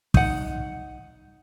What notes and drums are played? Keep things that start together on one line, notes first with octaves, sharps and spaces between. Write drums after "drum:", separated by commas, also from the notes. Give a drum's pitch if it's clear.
D#4 F#5, drum: kick